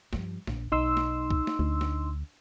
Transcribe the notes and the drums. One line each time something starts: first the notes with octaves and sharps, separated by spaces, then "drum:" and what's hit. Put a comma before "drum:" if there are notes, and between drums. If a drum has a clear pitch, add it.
G2 F3, drum: snare
A#1, drum: snare
B1 D#4 C6 E6
drum: snare
drum: kick C2
drum: snare
D2 D4
drum: snare